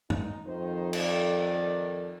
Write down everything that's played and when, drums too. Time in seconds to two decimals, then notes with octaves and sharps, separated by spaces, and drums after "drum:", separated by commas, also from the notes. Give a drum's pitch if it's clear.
0.10 D#4, drum: tom
0.46 F2 D#3 D#4 C5
0.93 D#3 A4 D5, drum: cymbal